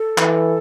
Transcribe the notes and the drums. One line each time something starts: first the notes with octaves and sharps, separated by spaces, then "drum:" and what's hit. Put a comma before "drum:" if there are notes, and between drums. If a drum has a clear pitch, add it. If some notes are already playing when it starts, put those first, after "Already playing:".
Already playing: A4
E3, drum: clap